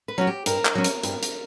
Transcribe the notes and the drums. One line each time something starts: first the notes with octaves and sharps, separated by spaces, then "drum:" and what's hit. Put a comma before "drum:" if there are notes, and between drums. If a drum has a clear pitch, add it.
B4
F#3 C#4 F#4
G4
G2 A#4, drum: hi-hat
drum: clap
F#3 C#4
drum: hi-hat
G2, drum: hi-hat
drum: hi-hat